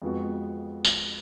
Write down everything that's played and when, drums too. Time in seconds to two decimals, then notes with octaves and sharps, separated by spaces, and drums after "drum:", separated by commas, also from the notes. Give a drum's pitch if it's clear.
0.02 F2 F3 G#3 B3 F#4
0.85 drum: tambourine